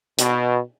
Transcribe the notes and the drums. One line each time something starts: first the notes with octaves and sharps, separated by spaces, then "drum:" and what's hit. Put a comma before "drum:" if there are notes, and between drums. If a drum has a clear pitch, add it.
B2, drum: hi-hat